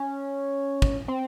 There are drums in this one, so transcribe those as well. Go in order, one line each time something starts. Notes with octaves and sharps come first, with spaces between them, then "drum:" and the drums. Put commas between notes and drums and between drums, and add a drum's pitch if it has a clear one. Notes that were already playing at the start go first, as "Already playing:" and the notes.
Already playing: C#4
drum: kick
C4